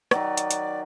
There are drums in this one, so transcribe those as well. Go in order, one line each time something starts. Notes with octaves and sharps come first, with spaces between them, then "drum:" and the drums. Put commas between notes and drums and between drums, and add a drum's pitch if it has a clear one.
D#3 F#3 D5, drum: rim click
drum: hi-hat
drum: hi-hat